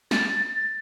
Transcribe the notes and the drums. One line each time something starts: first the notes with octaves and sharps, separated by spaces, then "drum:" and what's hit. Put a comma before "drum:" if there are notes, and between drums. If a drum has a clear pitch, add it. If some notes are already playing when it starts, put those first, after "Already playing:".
A6, drum: snare